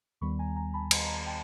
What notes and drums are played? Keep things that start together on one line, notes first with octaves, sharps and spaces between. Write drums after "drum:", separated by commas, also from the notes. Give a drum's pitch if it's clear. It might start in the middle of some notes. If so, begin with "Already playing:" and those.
D#2 D#3 G3 B3 B5 C#6
G#5 A#5
G#5 A#5
A5 B5
G#5 A#5, drum: cymbal
G5 A5